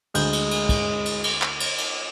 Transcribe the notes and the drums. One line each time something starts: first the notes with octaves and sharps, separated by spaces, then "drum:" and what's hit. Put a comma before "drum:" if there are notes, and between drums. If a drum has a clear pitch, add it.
D2 G#3 G6, drum: cymbal
drum: cymbal
drum: cymbal
drum: kick, cymbal
drum: cymbal
drum: cymbal
drum: clap
drum: cymbal
drum: cymbal